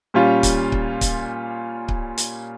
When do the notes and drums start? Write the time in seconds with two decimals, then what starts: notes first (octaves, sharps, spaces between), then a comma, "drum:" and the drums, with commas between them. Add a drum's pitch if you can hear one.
0.14 A#2 G3 C#4 F4
0.43 drum: kick C#1, hi-hat
0.72 drum: kick C#1
1.01 drum: kick C#1, hi-hat
1.88 drum: kick C#1
2.18 drum: hi-hat